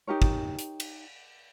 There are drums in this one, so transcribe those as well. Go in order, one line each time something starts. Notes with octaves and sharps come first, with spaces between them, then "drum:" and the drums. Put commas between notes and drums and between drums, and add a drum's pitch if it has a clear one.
D#4 G4 A#4 C#5
drum: kick
drum: hi-hat
drum: cymbal